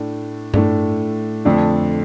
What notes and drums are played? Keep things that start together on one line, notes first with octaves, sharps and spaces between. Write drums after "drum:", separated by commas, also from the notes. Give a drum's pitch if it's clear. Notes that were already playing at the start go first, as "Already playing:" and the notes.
Already playing: A2 A3 D4
A2 A3 D4, drum: tom G2
F2 D3 A3 D4